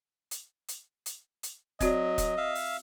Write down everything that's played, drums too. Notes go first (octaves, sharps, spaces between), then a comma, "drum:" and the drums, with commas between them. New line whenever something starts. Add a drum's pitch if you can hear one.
drum: hi-hat
drum: hi-hat
drum: hi-hat
drum: hi-hat
F#3 C4 F#4 D5 D#5, drum: kick, hi-hat
drum: kick, hi-hat
E5 F5
drum: open hi-hat